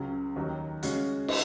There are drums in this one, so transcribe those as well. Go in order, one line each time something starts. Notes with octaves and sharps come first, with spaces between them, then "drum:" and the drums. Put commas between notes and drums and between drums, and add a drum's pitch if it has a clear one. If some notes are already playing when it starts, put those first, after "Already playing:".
Already playing: C#2 C#3 F#3 C#4
D#2 D#3 F#3
C#3 G#3 C#4 F#4, drum: hi-hat
D#4, drum: cymbal